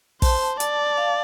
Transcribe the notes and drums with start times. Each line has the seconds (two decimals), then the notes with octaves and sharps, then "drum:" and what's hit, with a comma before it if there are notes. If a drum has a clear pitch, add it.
0.22 C5 A5, drum: kick, open hi-hat
0.60 D5, drum: hi-hat
0.97 F5